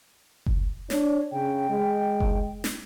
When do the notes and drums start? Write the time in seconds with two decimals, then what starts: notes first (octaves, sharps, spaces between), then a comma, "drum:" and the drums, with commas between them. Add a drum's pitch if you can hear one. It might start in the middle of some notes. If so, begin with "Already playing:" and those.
0.46 drum: kick F#1
0.90 D4 C#5, drum: snare
1.32 C#3 G5
1.70 G#3
2.20 drum: kick F#1
2.64 drum: snare